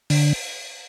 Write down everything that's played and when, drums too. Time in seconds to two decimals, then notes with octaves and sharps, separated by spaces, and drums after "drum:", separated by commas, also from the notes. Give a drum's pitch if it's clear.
0.10 D3, drum: open hi-hat